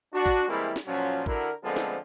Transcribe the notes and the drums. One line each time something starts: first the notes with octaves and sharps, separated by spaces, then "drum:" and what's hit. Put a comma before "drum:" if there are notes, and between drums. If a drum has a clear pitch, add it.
D4 F#4
drum: kick A1
E3 G3 G#3 A#3 C4 E4
drum: snare
A#2 F3 F#3 C#4
D3 E4 F#4 A#4, drum: kick A1
D3 F3 G#3 A3 B3 C4
drum: snare